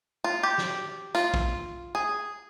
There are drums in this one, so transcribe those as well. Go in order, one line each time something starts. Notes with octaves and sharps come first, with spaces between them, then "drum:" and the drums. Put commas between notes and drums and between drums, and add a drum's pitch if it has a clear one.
F4
G4
drum: snare
F4, drum: hi-hat
drum: kick A#1
G#4